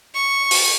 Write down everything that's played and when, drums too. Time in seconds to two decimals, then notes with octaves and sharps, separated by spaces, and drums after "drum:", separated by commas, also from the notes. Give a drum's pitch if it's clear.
0.14 C#6
0.51 drum: open hi-hat